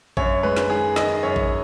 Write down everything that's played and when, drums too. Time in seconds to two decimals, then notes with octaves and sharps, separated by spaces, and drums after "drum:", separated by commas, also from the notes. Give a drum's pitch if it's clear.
0.17 F#2 C#5, drum: kick A1
0.43 G#3 B4
0.56 drum: snare
0.70 D#3 G#4
0.96 D#3 D#5, drum: snare
1.23 F#2 C#5
1.36 drum: kick A1